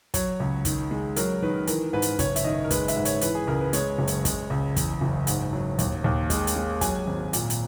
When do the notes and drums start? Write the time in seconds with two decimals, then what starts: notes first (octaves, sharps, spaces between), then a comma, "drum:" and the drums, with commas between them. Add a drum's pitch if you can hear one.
0.14 F#3 C#5, drum: kick, hi-hat
0.40 C#2
0.65 D#3, drum: kick, hi-hat
0.91 G#3
1.16 F#3 A#4, drum: hi-hat
1.42 D#3 B4
1.67 E3 A#4, drum: hi-hat
1.93 G#2 B4
2.02 drum: hi-hat
2.19 F#1 C#5, drum: kick, hi-hat
2.36 E5, drum: hi-hat
2.45 D#3 D#5
2.64 A#4
2.71 G#3 B4, drum: kick, hi-hat
2.88 E5, drum: hi-hat
2.96 G#2
3.05 C#5, drum: hi-hat
3.21 E3 B4, drum: hi-hat
3.35 G#4
3.47 C#2 A#4
3.61 B4
3.73 G#3 C#5, drum: hi-hat
3.98 F#1
4.07 drum: hi-hat
4.25 G#3, drum: kick, hi-hat
4.50 C#2
4.76 E2, drum: kick, hi-hat
5.01 F#1
5.27 G#2, drum: hi-hat
5.53 F#3
5.79 D#2, drum: hi-hat
6.04 D#2
6.30 G#3, drum: kick, hi-hat
6.47 drum: hi-hat
6.56 G#3
6.81 F#3 G#5, drum: kick, hi-hat
7.07 G#1
7.33 A#2, drum: hi-hat
7.50 drum: hi-hat